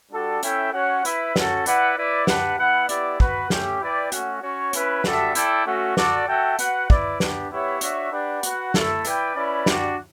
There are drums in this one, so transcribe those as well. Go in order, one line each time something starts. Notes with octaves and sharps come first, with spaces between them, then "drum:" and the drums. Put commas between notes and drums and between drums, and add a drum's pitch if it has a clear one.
G3 D4 F#4 A4
C#4 E4 A4 E5 G5, drum: hi-hat
C#4 F#4 C#5 F#5
E4 B4 E5, drum: hi-hat
C#4 F#4 A4, drum: snare
E4 B4 D5 F#5, drum: hi-hat
E4 B4 D5
G3 D4 G4 B4 F#5, drum: snare
B3 E4 B4 F#5
B3 E4 G4 D5, drum: hi-hat
B3 F#4 B4 F#5, drum: kick
A3 C#4 G4, drum: snare
E4 B4 D5 G5
A3 C#4 F#4, drum: hi-hat
C#4 F#4 C#5
C#4 E4 B4, drum: hi-hat
G3 D4 F#4 A4 E5, drum: snare
E4 A4 D5 G5, drum: hi-hat
A3 C#4 F#4
F#4 A4 D5, drum: snare
F#4 A4 E5 G5
F#4 B4 F#5, drum: hi-hat
E4 B4 D5, drum: kick
B3 D4 G4, drum: snare
B3 E4 G4 C#5 E5
D4 F#4 C#5 E5, drum: hi-hat
D4 G4 B4 D5 F#5
F#4 B4 F#5, drum: hi-hat
A3 E4 A4, drum: snare
E4 B4 D5 G5, drum: hi-hat
C#4 E4 B4 D5
G3 D4 F#4, drum: snare